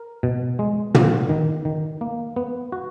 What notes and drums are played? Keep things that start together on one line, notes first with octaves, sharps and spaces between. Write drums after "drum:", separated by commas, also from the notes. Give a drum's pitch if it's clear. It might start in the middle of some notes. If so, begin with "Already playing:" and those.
Already playing: A#4
B2
G#3
F4, drum: tom
D#3
D#3
A#3
B3
F#4